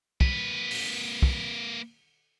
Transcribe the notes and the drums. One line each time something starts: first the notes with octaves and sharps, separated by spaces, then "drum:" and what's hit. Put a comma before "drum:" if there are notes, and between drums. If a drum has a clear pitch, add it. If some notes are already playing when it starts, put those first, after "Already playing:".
A#3 B4, drum: kick
drum: open hi-hat
drum: kick